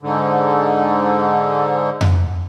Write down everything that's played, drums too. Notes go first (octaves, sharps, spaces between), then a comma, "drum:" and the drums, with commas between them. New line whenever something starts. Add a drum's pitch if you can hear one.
G#2 D3
drum: tom F2